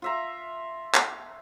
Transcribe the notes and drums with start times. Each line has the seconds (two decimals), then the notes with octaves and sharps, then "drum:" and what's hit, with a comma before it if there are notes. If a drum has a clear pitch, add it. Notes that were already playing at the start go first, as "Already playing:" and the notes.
0.02 F4 E5 A#5
0.94 drum: clap